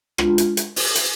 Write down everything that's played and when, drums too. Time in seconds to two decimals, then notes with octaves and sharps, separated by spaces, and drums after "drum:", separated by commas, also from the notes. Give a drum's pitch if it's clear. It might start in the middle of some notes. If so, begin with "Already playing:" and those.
0.18 G#3 D4 F4, drum: rim click
0.38 drum: hi-hat
0.57 drum: hi-hat
0.76 drum: open hi-hat
0.95 drum: hi-hat